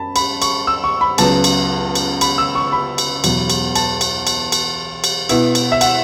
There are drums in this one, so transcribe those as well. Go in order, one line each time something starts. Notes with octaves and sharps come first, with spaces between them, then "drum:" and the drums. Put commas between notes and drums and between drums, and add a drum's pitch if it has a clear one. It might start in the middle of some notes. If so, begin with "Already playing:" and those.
Already playing: F#2 A5 B5
B5, drum: cymbal
C#6, drum: cymbal
E6
C#6
B5
C#2 C#3 F#3 B3 A5, drum: cymbal
drum: cymbal
drum: cymbal
B5, drum: cymbal
E6
C#6
B5
drum: cymbal
E2 B2 F#3, drum: cymbal
drum: cymbal
A5, drum: cymbal
drum: cymbal
drum: cymbal
drum: cymbal
drum: cymbal
B2 B3 E4, drum: cymbal
drum: cymbal
E5
F#5, drum: cymbal